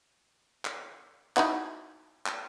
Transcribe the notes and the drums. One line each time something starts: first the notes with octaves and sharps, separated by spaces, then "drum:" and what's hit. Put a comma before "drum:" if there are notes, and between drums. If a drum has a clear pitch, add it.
drum: clap
D#4 E4 F#4, drum: clap
drum: clap